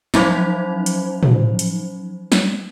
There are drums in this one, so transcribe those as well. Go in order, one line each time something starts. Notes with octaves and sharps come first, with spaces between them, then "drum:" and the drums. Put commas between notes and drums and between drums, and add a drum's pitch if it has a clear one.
F3 F#3 C#4 D#4 C5, drum: snare
drum: hi-hat
drum: tom
drum: hi-hat
drum: snare